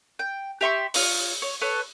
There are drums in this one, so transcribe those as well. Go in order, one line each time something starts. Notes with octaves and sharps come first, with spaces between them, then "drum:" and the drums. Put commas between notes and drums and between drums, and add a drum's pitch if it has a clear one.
G5
G4 E5 C6 C#6
F4 C#5, drum: open hi-hat
C#5
A4 B4 C#5